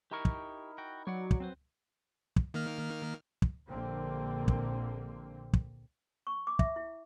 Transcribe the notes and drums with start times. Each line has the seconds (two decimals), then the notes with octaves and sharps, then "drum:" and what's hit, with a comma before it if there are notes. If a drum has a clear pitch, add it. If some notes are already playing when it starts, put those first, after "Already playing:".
0.11 D#4 E4 G4 A#4 C#6
0.25 drum: kick
0.78 F#4 G5
1.07 F#3 C#5 D5 F#5
1.31 drum: kick
1.40 C4 B4 C5
2.36 drum: kick
2.54 D#3 A#3 F6
3.42 drum: kick
3.68 A#1 A#2 D3 A#3 C4
4.48 drum: kick
5.53 drum: kick
6.27 C#6
6.47 D6
6.59 E5, drum: kick
6.76 E4